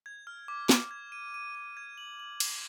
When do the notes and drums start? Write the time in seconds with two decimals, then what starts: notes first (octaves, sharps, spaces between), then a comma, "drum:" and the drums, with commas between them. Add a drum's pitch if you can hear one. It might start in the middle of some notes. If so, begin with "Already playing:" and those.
0.06 G#6
0.27 F6
0.48 D6
0.69 D6, drum: snare
0.91 G#6
1.12 D#7
1.34 D#7
1.55 D#7
1.77 G#6
1.98 F#7
2.20 F#7
2.40 F#7, drum: cymbal